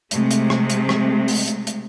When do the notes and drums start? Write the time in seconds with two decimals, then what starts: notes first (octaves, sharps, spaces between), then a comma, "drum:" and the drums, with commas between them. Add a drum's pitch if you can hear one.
0.11 C3 G#3 A3, drum: hi-hat
0.31 drum: hi-hat
0.50 drum: rim click
0.70 drum: hi-hat
0.89 drum: rim click
1.28 drum: open hi-hat
1.48 drum: hi-hat
1.67 drum: hi-hat